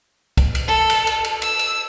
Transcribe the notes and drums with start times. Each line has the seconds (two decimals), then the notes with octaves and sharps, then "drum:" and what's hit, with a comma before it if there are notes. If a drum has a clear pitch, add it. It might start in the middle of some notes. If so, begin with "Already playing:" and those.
0.37 drum: kick, cymbal
0.55 drum: cymbal
0.68 A4
0.90 drum: cymbal
1.07 drum: cymbal
1.24 drum: cymbal
1.42 E6, drum: cymbal
1.59 drum: cymbal